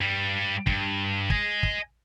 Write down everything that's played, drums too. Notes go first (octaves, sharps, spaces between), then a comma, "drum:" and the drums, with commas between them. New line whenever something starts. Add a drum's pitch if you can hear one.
G2 G3
G2, drum: kick
D#5 G#5, drum: kick
drum: kick